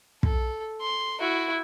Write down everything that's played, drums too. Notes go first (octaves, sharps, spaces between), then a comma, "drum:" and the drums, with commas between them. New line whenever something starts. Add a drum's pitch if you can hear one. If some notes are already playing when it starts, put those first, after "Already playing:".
A4, drum: kick
C6
E4 F#4